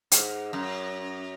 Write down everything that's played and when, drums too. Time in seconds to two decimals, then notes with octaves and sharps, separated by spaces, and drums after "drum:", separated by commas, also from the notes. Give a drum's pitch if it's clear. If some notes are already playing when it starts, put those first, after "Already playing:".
0.12 G#2, drum: hi-hat
0.53 F#2